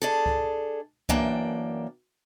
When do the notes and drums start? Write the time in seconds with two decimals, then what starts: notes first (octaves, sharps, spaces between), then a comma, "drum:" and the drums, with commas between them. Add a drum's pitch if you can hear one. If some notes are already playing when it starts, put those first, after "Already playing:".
0.02 D4 G#4 A4
0.26 drum: kick C2
1.09 F#2 E3 A#3 D4 G5, drum: kick C2